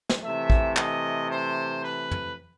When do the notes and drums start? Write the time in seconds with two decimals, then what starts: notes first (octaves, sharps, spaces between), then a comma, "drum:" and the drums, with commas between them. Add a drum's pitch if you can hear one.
0.09 drum: snare
0.22 C3 E3 A3 E5
0.50 drum: kick A1
0.76 D#5, drum: clap
1.30 C5
1.83 B4
2.11 drum: tom